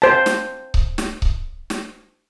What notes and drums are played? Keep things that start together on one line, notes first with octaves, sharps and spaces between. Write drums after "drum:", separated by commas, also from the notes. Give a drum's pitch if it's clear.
C5 A5
drum: snare
drum: kick C#1
drum: snare
drum: kick C#1
drum: snare